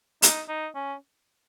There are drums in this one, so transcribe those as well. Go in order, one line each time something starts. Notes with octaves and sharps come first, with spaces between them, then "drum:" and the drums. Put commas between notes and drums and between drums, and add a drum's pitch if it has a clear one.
D#4, drum: hi-hat
D#4
C#4